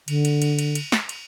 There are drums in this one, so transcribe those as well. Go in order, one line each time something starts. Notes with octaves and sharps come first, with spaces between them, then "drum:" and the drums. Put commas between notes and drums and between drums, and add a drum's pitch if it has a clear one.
D3, drum: cymbal
drum: cymbal
drum: cymbal
drum: cymbal
drum: cymbal
drum: snare
drum: cymbal